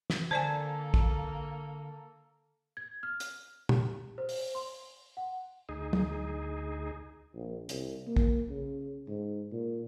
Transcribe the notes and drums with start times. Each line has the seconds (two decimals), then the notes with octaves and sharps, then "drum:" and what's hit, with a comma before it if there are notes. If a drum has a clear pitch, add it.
0.10 drum: snare
0.31 D3 A#3 A4 C5 D5 G#5 A5 G#6
0.94 drum: kick
2.77 G#6
3.03 F6
3.20 drum: hi-hat
3.69 G4, drum: tom
4.18 C5
4.29 drum: open hi-hat
4.55 C6
5.17 F#5
5.69 D2 D#4 G#4
5.93 drum: tom
7.35 A#1
7.69 C2, drum: hi-hat
8.07 A#3
8.16 drum: kick
8.49 C#3
9.08 G#2
9.52 A#2